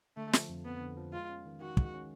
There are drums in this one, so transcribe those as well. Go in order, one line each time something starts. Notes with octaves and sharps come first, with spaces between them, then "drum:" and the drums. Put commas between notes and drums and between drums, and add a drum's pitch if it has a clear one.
D3 A3
F3, drum: snare
F2
F2 B3
D3
F3
G#3 F4
C#4
D#3
D#3 F#4
G#3, drum: kick
C#4